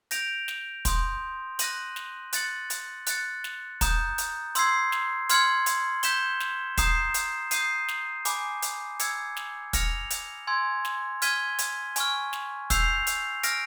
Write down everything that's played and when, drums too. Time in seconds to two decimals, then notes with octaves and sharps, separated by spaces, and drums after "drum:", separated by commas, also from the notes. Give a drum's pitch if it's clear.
0.11 G6 A#6 D7 F7, drum: hi-hat
0.48 drum: snare
0.85 C6 D#6 G6, drum: kick, hi-hat
1.59 F#6 A#6 D#7 F#7, drum: hi-hat
1.96 drum: snare
2.33 F#6 A6 C#7 F#7, drum: hi-hat
2.70 drum: hi-hat
3.07 F#6 A6 C#7, drum: hi-hat
3.44 drum: snare
3.81 A#5 D#6 G6, drum: kick, hi-hat
4.18 drum: hi-hat
4.55 C6 E6 G#6 C7, drum: hi-hat
4.92 drum: snare
5.29 C6 F6 G#6 C#7 F#7, drum: hi-hat
5.66 drum: hi-hat
6.03 G6 B6 E7 G7, drum: hi-hat
6.40 drum: snare
6.78 A#5 D#6 G6 C7 E7, drum: kick, hi-hat
7.14 drum: hi-hat
7.51 D#6 G6 C7 D#7, drum: hi-hat
7.88 drum: snare
8.25 G#5 B5 D6, drum: hi-hat
8.62 drum: hi-hat
9.00 E6 G#6 C#7, drum: hi-hat
9.37 drum: snare
9.73 F6 A#6 C#7 F7, drum: kick, hi-hat
10.11 drum: hi-hat
10.47 G#5 C6 E6 G#6
10.85 drum: snare
11.22 F6 G#6 B6 D#7 G7, drum: hi-hat
11.59 drum: hi-hat
11.96 G#5 C#6 F6, drum: hi-hat
12.33 drum: snare
12.70 E6 G6 C7 F7, drum: kick, hi-hat
13.07 drum: hi-hat
13.43 F6 A#6 D7, drum: hi-hat